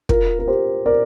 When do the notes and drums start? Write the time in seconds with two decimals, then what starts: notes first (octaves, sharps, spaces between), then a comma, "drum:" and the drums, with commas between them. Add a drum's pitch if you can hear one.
0.09 F4 A#4, drum: kick
0.39 A#4
0.47 G4 C5
0.86 A#4 D5